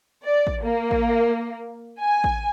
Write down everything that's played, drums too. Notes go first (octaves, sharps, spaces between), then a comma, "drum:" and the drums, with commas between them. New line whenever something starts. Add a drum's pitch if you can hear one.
D5
drum: kick
A#3
drum: kick
G#5
drum: kick